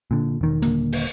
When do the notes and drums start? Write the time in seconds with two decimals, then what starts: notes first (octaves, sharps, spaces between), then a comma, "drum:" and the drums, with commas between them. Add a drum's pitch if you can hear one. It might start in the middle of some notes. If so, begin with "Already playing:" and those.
0.11 A#2 D3
0.41 E1 D#3
0.62 D#1 E2 D3 A#3, drum: hi-hat
0.93 drum: open hi-hat